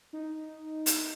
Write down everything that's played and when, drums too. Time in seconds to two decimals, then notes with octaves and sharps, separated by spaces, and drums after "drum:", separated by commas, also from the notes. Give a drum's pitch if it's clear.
0.13 D#4
0.86 drum: hi-hat